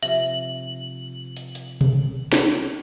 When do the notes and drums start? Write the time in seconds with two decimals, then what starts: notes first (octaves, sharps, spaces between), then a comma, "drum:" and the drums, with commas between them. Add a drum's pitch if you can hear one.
0.03 C3 F3 E5 F#7, drum: hi-hat
1.37 drum: hi-hat
1.55 drum: hi-hat
1.81 drum: tom B2
2.33 drum: snare